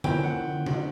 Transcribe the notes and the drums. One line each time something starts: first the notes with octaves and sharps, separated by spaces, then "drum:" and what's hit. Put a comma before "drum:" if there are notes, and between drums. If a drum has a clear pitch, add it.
C3 F3 A#3 C#4 E4 G5, drum: tom D3
F#5
drum: tom C3